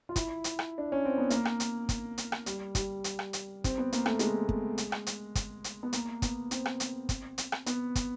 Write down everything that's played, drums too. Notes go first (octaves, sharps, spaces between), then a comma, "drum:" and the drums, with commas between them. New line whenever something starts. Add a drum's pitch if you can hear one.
F4
E4, drum: kick, hi-hat
drum: hi-hat
drum: rim click
D4
C#4
C4
B3
A#3, drum: hi-hat
drum: rim click
drum: hi-hat
drum: kick, hi-hat
drum: hi-hat
drum: rim click
G3, drum: hi-hat
G3, drum: kick, hi-hat
drum: hi-hat
drum: rim click
drum: hi-hat
C4, drum: kick, hi-hat
B3
A#3, drum: hi-hat
A3, drum: rim click
G#3, drum: hi-hat
drum: kick
drum: hi-hat
drum: rim click
drum: hi-hat
drum: kick, hi-hat
drum: hi-hat
B3
A#3, drum: hi-hat
B3, drum: kick, hi-hat
C4, drum: hi-hat
drum: rim click
drum: hi-hat
drum: kick, hi-hat
drum: hi-hat
drum: rim click
B3, drum: hi-hat
drum: kick, hi-hat